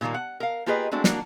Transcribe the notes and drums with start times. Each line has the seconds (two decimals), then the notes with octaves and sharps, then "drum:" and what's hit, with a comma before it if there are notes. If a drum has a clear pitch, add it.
0.01 A#2 D3 D#3 G3 A#3
0.14 F#5
0.40 A#4 F5
0.66 A#3 F4 G4 G#4 B4 D#5
0.92 G#3 A3 C4 D4 F#4
1.04 A#3 D4 F#4, drum: snare